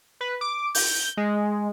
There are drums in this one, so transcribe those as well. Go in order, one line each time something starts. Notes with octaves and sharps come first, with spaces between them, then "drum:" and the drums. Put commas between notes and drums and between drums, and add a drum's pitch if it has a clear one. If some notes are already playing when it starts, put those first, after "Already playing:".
B4
D6
G6, drum: open hi-hat
G#3